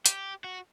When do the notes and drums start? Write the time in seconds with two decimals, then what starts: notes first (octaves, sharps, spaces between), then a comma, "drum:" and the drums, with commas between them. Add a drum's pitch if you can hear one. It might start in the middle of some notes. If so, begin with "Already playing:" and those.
0.06 G4, drum: hi-hat
0.44 F#4